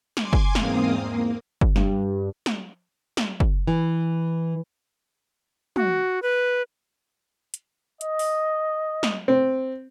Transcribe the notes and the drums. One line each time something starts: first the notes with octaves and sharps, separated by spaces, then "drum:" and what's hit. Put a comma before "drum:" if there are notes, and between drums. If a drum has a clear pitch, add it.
G#5 C6 D6 G#6, drum: snare
drum: kick
E2 G#2 A#3 C4 F5 D#6, drum: snare
A#3
drum: kick
G2, drum: snare
drum: snare
drum: snare
drum: kick
E3
F#4, drum: tom
B4
drum: hi-hat
D#5, drum: hi-hat
drum: open hi-hat
drum: snare
C4